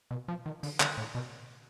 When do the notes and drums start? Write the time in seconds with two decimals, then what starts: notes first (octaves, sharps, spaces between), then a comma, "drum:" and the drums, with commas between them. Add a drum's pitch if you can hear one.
0.11 B2
0.28 F3
0.46 D#3
0.63 D3, drum: open hi-hat
0.80 D3, drum: clap
0.97 A2
1.15 B2